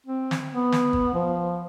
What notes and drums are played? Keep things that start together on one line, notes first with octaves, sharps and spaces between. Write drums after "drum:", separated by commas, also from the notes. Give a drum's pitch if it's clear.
C4
drum: snare
B3
drum: snare
drum: kick
F3